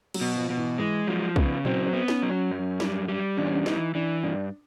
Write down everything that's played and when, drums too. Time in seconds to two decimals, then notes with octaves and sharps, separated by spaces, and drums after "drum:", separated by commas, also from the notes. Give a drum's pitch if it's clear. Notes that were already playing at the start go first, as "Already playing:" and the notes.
0.14 F#3, drum: cymbal
0.21 B2
0.36 F3
0.50 B2
0.58 E3
0.78 E3 G#3
1.07 F3 F#3
1.36 C#3 B3, drum: kick
1.65 F#3 C4, drum: tom A#2
1.86 C4
1.93 B3
2.08 C#4, drum: snare
2.23 F#3
2.29 C#4
2.51 F#2
2.80 G3, drum: snare
3.09 G3
3.37 E2 D4
3.46 C#4
3.55 D4
3.66 E3 D#4, drum: snare
3.95 E3 D4
4.24 G2 D4